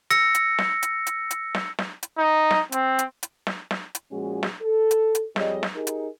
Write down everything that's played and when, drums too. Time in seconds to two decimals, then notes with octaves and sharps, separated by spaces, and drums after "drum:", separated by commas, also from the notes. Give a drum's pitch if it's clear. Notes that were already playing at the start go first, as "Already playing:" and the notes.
0.11 E6 A#6 C#7, drum: hi-hat
0.35 drum: hi-hat
0.59 drum: snare
0.83 drum: hi-hat
1.07 drum: hi-hat
1.31 drum: hi-hat
1.55 drum: snare
1.79 drum: snare
2.03 drum: hi-hat
2.18 D#4
2.51 drum: snare
2.72 C4, drum: hi-hat
2.99 drum: hi-hat
3.23 drum: hi-hat
3.47 drum: snare
3.71 drum: snare
3.95 drum: hi-hat
4.11 A#2 F3 G#3 C#4 F#4 G#4
4.43 drum: snare
4.61 A4
4.91 drum: hi-hat
5.15 drum: hi-hat
5.36 F2 G3 G#4 C#5 D#5, drum: snare
5.63 drum: snare
5.75 D#4 G4 G#4 A#4
5.87 drum: hi-hat